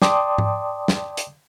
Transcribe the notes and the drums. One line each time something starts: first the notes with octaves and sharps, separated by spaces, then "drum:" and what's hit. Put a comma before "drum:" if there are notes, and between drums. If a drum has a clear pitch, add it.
D5 G5 A5 C6 D6 D#6, drum: snare
drum: tom G#2
drum: snare
drum: hi-hat